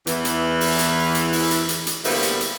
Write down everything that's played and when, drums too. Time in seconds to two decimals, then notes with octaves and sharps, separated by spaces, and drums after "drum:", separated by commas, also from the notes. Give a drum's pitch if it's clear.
0.07 E2 E3, drum: hi-hat
0.25 drum: hi-hat
0.61 drum: open hi-hat
0.79 drum: hi-hat
1.15 drum: hi-hat
1.33 drum: open hi-hat
1.51 drum: hi-hat
1.69 drum: hi-hat
1.87 drum: hi-hat
2.04 D2 G3 A#3 B3 E4 C5, drum: open hi-hat
2.23 drum: hi-hat
2.41 drum: hi-hat